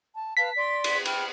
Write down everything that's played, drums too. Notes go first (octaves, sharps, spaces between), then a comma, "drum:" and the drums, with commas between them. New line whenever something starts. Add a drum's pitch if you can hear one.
A5
B4 F5 A5 B6
D5 C6
drum: cymbal
G5 B5 F6, drum: cymbal